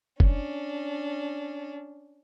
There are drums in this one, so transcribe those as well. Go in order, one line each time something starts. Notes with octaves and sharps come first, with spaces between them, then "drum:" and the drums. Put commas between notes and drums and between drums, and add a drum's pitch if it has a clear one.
C#4 D4, drum: kick F1